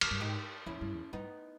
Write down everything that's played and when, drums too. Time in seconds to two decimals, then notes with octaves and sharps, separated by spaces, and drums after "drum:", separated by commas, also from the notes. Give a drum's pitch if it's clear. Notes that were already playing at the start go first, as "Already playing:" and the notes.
0.01 E2, drum: cymbal
0.11 G2
0.20 G#2 D#4 G4
0.66 E2 C#4 E4
0.81 G2
0.94 E2
1.13 G2 B3 D#4